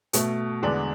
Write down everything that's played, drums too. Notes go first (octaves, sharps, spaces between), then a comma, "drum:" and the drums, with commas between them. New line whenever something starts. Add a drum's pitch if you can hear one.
B2 A3, drum: hi-hat
E2 D3 G#3 B3 D4